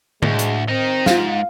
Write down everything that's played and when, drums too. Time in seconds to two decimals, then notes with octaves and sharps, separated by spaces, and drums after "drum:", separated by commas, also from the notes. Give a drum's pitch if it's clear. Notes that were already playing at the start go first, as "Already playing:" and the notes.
0.23 D2 A2 G#3, drum: tom D3
0.39 drum: hi-hat
0.68 C4 D#4 A#4
1.06 G#2 F4 F5, drum: snare